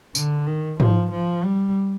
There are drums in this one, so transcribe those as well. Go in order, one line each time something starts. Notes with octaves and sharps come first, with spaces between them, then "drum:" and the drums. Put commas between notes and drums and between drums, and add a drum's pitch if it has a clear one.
D3, drum: tambourine
D#3
F3, drum: tom G#2
F3
G3